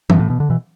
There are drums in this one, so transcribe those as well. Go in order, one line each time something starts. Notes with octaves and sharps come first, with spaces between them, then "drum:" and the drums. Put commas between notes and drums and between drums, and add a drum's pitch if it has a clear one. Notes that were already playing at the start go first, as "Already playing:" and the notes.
G2, drum: tom E3
A2
B2
D3
B2 E3